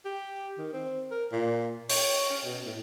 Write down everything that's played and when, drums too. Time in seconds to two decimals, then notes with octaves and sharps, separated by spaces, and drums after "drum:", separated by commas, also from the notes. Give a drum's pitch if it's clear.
0.05 G4
0.58 D#3
0.73 C4
1.11 A#4
1.32 A#2
1.89 C#5, drum: open hi-hat
2.30 C#4
2.45 B2
2.66 A2